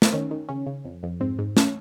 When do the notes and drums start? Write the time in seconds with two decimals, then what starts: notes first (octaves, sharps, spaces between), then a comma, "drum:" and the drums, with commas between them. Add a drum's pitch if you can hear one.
0.02 C4, drum: snare
0.13 D#3 C#4
0.31 D#3
0.49 C#3 C#4
0.67 C#3
0.85 F2
1.03 F2
1.20 G#2 C4
1.39 G#2
1.57 C#4, drum: snare